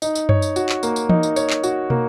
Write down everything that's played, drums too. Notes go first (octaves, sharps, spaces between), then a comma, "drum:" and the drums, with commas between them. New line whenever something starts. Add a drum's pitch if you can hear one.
D#4, drum: tambourine
drum: tambourine
C#5, drum: tom F#2
drum: tambourine
F#4, drum: tambourine
drum: clap
A#3, drum: tambourine
drum: tambourine
D#4, drum: tom E3
drum: tambourine
C#5, drum: tambourine
drum: clap
F#4, drum: tambourine
A#3, drum: tom